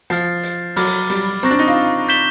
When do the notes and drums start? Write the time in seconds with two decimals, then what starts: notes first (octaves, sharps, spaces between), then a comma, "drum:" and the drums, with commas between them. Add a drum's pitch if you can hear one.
0.10 F3 F6 A6 C7, drum: hi-hat
0.43 drum: hi-hat
0.76 F#3 B5 D6 F6 A6, drum: open hi-hat
1.10 G3, drum: hi-hat
1.43 C4 A#5 C#6 F#6 A#6, drum: hi-hat
1.51 D4
1.59 D#4
1.68 F4
2.09 G6 B6 E7 G7, drum: hi-hat